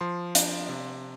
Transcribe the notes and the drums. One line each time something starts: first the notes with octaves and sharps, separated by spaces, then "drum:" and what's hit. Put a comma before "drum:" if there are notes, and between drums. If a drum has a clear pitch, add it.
F3 C6
D4, drum: hi-hat
C3